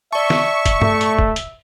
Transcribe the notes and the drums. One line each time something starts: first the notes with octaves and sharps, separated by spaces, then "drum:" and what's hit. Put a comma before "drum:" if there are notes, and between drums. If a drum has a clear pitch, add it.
D5 E5 A5 C#6
drum: snare
drum: kick, hi-hat
A3, drum: tom G2
drum: hi-hat
drum: kick
drum: hi-hat